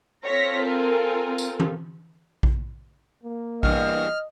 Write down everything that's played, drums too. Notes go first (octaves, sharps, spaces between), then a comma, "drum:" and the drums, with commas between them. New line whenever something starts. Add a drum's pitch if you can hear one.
C4 F4 A4 C#5 A#6 B6
A#4 G#5
drum: tambourine
drum: tom E3
drum: kick A#1
A#3
E2 G2 D#5 F6, drum: kick A#1